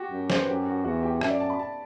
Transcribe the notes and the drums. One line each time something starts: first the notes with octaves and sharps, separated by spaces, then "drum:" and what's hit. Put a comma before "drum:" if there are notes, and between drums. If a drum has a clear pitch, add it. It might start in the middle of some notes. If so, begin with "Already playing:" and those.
Already playing: F#4 G4
F#2
C5, drum: snare
B4
F#2 G4
F#4
E2 F#4
G4
F#2 E5, drum: rim click
D5
A5
B5
A5